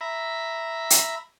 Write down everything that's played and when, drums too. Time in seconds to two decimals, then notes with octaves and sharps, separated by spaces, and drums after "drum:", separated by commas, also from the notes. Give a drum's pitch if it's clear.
0.01 E5 A#5 B5
0.90 drum: hi-hat